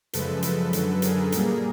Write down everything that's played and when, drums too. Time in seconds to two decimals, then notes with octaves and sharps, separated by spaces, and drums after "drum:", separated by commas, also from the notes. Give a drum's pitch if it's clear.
0.13 F#2 C#3 F3 G#3 A4 B4, drum: hi-hat
0.43 A4 B4, drum: hi-hat
0.73 F#2 D3 F#3, drum: hi-hat
1.02 G#4 A#4, drum: hi-hat
1.32 A#2 G3 A#3, drum: hi-hat